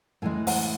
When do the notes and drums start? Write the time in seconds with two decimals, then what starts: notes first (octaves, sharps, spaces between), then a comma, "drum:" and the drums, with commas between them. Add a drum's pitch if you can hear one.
0.22 A2 E3 G#3 G#5
0.47 F#5, drum: open hi-hat